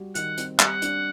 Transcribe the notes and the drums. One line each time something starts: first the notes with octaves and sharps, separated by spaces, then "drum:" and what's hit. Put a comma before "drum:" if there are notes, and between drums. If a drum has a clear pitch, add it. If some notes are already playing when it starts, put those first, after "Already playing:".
Already playing: G3 F#4
D#3 F#5, drum: hi-hat
C4, drum: hi-hat
G3 F#5, drum: clap
D4, drum: hi-hat